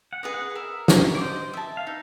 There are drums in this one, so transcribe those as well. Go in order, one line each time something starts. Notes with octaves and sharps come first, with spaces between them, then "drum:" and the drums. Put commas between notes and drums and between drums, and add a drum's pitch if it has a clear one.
F#5
G#4 B4 D#5
F#5
A#4 E5
C#5 F5, drum: snare
D5
C5 D#5
E5 A5
F5
D#4 E5